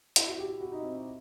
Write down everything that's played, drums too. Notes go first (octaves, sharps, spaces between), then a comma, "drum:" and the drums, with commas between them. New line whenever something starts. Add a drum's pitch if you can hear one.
E4, drum: hi-hat
F#4
G4
F#4
F#4
D#4
C4
D#4